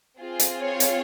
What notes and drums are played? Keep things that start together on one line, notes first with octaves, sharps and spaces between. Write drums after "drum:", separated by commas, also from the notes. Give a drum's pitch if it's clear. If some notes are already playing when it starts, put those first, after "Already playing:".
C4 F4 G#4
drum: hi-hat
C#5
drum: hi-hat